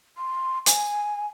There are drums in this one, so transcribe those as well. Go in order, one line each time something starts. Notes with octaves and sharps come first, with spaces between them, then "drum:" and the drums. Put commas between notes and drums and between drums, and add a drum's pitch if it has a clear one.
C6
G#5, drum: hi-hat